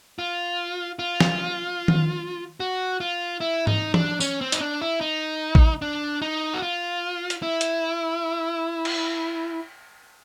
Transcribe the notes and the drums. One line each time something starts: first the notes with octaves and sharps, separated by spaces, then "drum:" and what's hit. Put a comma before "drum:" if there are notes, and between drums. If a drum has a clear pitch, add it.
F4
F4
drum: snare
drum: tom D#3
F#4
F4
E4
D#4, drum: tom G#2
D4, drum: tom E3
C#4, drum: tambourine
C4
D#4, drum: hi-hat
D4
E4
D#4
drum: kick A1
D4
D#4
F#4
F4
drum: hi-hat
E4
drum: hi-hat
drum: cymbal